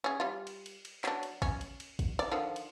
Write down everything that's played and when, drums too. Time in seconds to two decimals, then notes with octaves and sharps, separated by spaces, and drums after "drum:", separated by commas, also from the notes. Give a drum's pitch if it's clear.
0.04 C#4 G#4
0.20 G3 F4
0.47 drum: cymbal
0.66 drum: cymbal
0.85 drum: cymbal
1.04 F#3 D4, drum: clap
1.23 drum: cymbal
1.42 C#4, drum: kick, cymbal
1.61 drum: cymbal
1.80 drum: cymbal
1.99 drum: kick, cymbal
2.19 D5, drum: cymbal
2.31 D3 D#3 F3
2.56 drum: cymbal